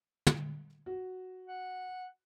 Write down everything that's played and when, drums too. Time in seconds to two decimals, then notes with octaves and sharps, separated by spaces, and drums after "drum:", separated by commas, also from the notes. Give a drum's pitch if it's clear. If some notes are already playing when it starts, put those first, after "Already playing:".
0.27 drum: tom
0.86 F#4
1.48 F#5